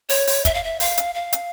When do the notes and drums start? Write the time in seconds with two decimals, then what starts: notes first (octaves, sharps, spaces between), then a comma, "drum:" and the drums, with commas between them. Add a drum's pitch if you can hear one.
0.09 C#5, drum: open hi-hat
0.27 drum: open hi-hat
0.45 E5, drum: kick, hi-hat
0.54 F5
0.64 E5
0.80 F5, drum: open hi-hat
0.98 drum: hi-hat
1.15 F5
1.33 drum: hi-hat